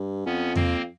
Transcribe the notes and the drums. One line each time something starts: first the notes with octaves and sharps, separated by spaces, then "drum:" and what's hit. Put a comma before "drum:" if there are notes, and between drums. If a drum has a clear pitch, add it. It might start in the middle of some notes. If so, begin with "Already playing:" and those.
Already playing: G2
F2 B3 C#4
A#3 C4, drum: tom E2